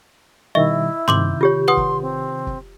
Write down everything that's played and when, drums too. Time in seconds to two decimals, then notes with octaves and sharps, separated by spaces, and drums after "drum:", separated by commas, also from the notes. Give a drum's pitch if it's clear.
0.55 B2 D#3 G3 E4 D#5 E5 C#6
1.08 C3 D#3 C6 D6 G6 F#7, drum: tom
1.41 F4 G4 C#5
1.68 B4 F#5 C6 D#6
1.77 drum: kick
2.02 C4
2.47 drum: kick